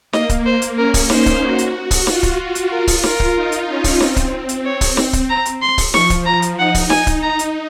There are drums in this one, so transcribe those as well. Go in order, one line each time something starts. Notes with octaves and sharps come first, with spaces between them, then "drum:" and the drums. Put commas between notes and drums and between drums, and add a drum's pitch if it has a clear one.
A#3 D#5, drum: snare
drum: kick C#1, hi-hat
C5
drum: hi-hat
C#4 A#4
drum: kick C#1, open hi-hat
D#4 C5, drum: snare
drum: kick C#1, hi-hat
F#4
drum: hi-hat
drum: kick C#1, open hi-hat
F4, drum: snare
drum: kick C#1, hi-hat
drum: hi-hat
F4 A#4
drum: kick C#1, open hi-hat
A#4, drum: snare
drum: kick C#1
D#4
drum: hi-hat
C#4
drum: kick C#1, open hi-hat
C4, drum: snare
drum: kick C#1, hi-hat
drum: hi-hat
C#5
drum: kick C#1, open hi-hat
drum: snare
drum: kick C#1, hi-hat
A#5
drum: hi-hat
C6
drum: kick C#1, open hi-hat
F3 C#6, drum: snare
drum: kick C#1, hi-hat
A#5
drum: hi-hat
D#4 F#5
drum: kick C#1, open hi-hat
G#5, drum: snare
drum: kick C#1, hi-hat
A#5
drum: hi-hat